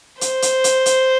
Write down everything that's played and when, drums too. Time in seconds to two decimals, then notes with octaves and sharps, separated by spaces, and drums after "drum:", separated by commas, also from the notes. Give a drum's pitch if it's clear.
0.21 C5, drum: hi-hat
0.42 drum: hi-hat
0.64 drum: hi-hat
0.86 drum: hi-hat